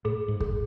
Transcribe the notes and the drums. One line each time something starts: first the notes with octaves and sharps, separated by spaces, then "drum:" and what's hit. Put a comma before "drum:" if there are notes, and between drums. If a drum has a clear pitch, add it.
A2 G#4
G#2
G#4, drum: kick